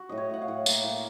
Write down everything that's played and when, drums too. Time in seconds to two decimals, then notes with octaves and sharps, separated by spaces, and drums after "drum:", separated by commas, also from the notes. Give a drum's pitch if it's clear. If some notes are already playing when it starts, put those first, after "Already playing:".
Already playing: F#4
0.09 A2 D#5
0.18 C#5
0.30 A2 F#5
0.42 F5
0.48 A2
0.66 A#3, drum: tambourine
0.84 A2